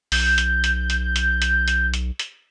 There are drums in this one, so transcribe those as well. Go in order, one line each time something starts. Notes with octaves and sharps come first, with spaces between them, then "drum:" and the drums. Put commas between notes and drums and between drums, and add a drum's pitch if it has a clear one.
B1 G6, drum: open hi-hat
drum: hi-hat
drum: hi-hat
drum: hi-hat
drum: hi-hat
drum: hi-hat
drum: hi-hat
drum: hi-hat
drum: hi-hat